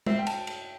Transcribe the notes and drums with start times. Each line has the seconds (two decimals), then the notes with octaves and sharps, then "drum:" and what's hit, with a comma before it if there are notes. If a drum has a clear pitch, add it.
0.06 C4 E5, drum: tom
0.19 G5
0.27 A5, drum: cymbal
0.47 drum: cymbal